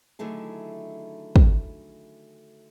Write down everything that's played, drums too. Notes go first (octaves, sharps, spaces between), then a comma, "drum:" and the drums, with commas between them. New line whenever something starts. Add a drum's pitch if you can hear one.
D3 D#3 F#3 A3 E4 G#4
drum: kick